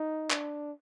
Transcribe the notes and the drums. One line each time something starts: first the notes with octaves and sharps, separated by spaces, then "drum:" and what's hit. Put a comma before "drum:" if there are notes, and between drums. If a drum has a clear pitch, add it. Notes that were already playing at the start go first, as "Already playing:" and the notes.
Already playing: D#4
D4, drum: clap